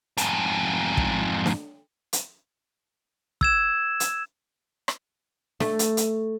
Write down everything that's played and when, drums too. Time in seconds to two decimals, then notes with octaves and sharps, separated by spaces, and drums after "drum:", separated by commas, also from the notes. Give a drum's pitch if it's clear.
0.17 F2 G#2, drum: hi-hat
0.97 drum: kick
1.46 drum: snare D4
2.13 drum: hi-hat
3.41 E6 G#6 E7, drum: kick
4.00 drum: hi-hat
4.88 drum: rim click
5.60 A3, drum: snare D4
5.79 drum: hi-hat
5.97 drum: hi-hat